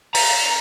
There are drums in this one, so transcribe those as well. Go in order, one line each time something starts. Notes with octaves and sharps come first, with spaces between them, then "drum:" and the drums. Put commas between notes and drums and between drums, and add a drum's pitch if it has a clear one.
A#5, drum: open hi-hat